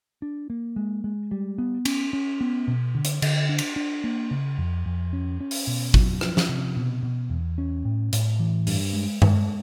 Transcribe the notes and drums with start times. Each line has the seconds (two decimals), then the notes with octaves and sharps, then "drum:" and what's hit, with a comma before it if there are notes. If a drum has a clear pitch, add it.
0.22 D4
0.50 A#3
0.76 G#3
1.04 G#3
1.31 G3
1.58 B3
1.85 C#4, drum: cymbal
2.13 C#4
2.41 B3
2.68 B2
2.95 D3
3.05 drum: hi-hat
3.22 D3, drum: cymbal
3.49 D4
3.59 drum: cymbal
3.76 D4
4.04 A#3
4.31 C#3
4.58 F2
4.86 F2
5.13 C#4
5.40 C#4
5.51 drum: open hi-hat
5.67 B2
5.94 F#3, drum: kick G#1
6.21 F3, drum: rim click
6.37 drum: snare
6.49 C3
6.77 B2
7.03 B2
7.30 E2
7.58 C#4
7.85 A2
8.13 A2, drum: hi-hat
8.39 E3
8.67 G2, drum: open hi-hat
8.93 G#3
9.22 G#3, drum: tom G2